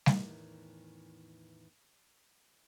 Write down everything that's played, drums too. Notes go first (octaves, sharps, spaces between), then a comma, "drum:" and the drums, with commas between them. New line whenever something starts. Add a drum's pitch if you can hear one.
E2 A2 D#3 E3, drum: snare